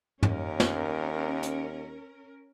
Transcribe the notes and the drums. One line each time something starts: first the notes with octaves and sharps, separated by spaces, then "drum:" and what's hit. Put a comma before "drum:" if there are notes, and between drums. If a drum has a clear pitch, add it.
D#2 C#4 A#4, drum: tom
drum: snare
drum: hi-hat